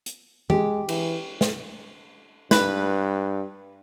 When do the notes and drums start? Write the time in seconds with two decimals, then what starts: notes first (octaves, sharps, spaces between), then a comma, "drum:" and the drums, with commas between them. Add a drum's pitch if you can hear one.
0.06 drum: hi-hat
0.50 G#3 G4, drum: tom E3
0.89 E3, drum: cymbal
1.41 drum: snare
2.51 G2 B4, drum: snare